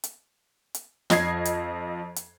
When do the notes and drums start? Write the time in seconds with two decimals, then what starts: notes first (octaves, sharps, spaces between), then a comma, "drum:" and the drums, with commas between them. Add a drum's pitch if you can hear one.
0.04 drum: hi-hat
0.75 drum: hi-hat
1.10 F2 D#5 G#6 C7, drum: snare
1.45 drum: hi-hat
2.16 drum: hi-hat